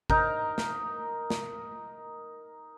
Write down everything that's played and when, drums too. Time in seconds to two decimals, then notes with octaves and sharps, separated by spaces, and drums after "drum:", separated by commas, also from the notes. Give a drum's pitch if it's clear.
0.10 D#4 A#4, drum: kick G#1
0.58 drum: snare
1.30 drum: snare